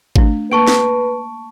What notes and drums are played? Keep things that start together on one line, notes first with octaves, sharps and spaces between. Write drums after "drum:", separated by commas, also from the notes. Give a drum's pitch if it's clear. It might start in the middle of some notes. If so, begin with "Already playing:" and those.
A3 D4, drum: kick G#1
A#3 B4 A5 C#6 D7
drum: snare